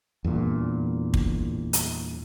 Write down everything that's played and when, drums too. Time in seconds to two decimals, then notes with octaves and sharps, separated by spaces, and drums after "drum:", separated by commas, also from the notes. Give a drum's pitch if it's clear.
0.24 E2 G2 A#2
1.14 drum: kick
1.73 drum: hi-hat